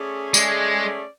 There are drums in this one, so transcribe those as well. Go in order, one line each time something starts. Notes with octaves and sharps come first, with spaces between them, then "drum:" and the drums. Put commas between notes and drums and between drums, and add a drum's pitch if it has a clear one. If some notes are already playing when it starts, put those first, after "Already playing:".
Already playing: A3 C#4 G#4 D5
G#3 A3 C#4 G#4 D5, drum: tambourine